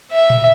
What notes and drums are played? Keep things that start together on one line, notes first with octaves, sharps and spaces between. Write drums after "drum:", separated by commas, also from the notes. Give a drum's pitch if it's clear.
E5
drum: tom A2